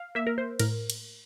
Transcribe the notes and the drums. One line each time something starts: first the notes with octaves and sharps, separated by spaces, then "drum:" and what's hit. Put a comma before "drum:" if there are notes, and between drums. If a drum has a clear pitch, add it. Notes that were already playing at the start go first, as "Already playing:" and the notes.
Already playing: F5
A#3 E5
A#4
C5
A2 A#4, drum: cymbal
drum: cymbal